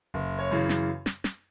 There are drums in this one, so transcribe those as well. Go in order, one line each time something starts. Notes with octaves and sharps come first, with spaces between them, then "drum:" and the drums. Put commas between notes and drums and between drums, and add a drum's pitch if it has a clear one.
F#1
C#5
F#2 C#3 E3
drum: snare
drum: snare
drum: snare